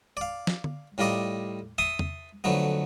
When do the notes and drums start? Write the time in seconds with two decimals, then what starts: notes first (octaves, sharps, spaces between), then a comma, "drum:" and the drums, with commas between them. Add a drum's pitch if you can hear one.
0.17 D5 F5
0.47 drum: snare
0.64 drum: tom D3
0.98 A2 G3 F4 A#4 D5 D#5
1.78 E5 A5 C6 D#6
1.99 drum: tom E2
2.44 F2 D3 F#3 A3 B3